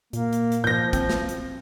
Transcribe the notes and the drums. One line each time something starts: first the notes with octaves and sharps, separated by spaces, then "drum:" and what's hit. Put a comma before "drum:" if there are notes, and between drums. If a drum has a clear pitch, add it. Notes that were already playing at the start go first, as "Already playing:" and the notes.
A#2 A#3, drum: hi-hat
drum: hi-hat
drum: hi-hat
A#2 F3 G6 A#6
C4, drum: kick, hi-hat
drum: snare
drum: hi-hat